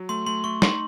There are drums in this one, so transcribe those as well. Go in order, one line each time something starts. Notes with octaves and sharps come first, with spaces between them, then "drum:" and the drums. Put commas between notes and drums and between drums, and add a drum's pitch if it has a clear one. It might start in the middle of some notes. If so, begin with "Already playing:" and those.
Already playing: F#3
A3 C6
A3 C6
A3 C#6
D#4 C6, drum: snare